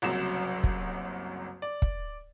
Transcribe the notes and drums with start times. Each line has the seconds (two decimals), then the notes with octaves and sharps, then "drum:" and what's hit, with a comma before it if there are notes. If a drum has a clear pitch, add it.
0.02 F#1 C2 F#2 F#3 E7
0.64 drum: kick
1.62 D5
1.82 drum: kick